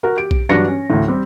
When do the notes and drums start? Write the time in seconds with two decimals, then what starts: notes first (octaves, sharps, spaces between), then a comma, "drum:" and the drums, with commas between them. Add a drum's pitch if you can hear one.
0.03 F#4 A#4
0.16 G4 D7
0.31 drum: kick B1
0.49 G2 F#3 D4 F#4 A#6 C#7
0.67 C#4
0.90 D2 A2
1.08 G3 C4 G4